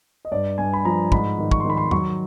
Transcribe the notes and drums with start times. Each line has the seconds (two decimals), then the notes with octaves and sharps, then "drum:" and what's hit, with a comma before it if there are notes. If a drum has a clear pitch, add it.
0.25 D#5
0.32 G2 D5
0.58 G2 G#5
0.73 B5
0.85 F3 A#5
1.12 G#2 B5, drum: kick
1.38 D#3
1.51 C#6, drum: kick
1.60 C6
1.65 D#3 B5
1.77 C6
1.91 F#3 C#6, drum: tom E2